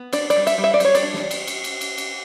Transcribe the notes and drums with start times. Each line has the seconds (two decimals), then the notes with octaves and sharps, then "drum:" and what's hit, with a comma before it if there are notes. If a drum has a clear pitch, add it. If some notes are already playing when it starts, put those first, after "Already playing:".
Already playing: B3
0.13 D4 D5, drum: cymbal
0.30 D5, drum: cymbal
0.36 G3
0.47 E5, drum: cymbal
0.58 G3
0.64 E5
0.74 D5
0.80 G3 C#5, drum: cymbal
0.95 D5, drum: cymbal
1.03 D4
1.14 drum: snare
1.31 drum: cymbal
1.47 drum: cymbal
1.64 drum: cymbal
1.81 drum: cymbal
1.98 drum: cymbal